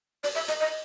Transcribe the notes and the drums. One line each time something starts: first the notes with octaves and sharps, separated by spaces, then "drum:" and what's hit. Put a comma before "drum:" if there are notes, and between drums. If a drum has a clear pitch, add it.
D5, drum: open hi-hat
E5
D#5, drum: hi-hat
D#5